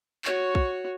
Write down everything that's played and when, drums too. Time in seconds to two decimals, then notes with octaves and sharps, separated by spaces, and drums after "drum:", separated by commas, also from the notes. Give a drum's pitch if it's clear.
0.25 F#4 C#5, drum: clap
0.55 drum: kick